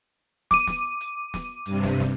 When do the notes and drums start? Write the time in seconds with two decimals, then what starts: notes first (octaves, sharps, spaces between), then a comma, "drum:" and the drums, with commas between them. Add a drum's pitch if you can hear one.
0.51 D6 D#7, drum: snare
0.67 drum: snare
1.01 drum: hi-hat
1.34 drum: snare
1.66 G2 C3, drum: hi-hat
1.84 drum: snare
2.00 drum: snare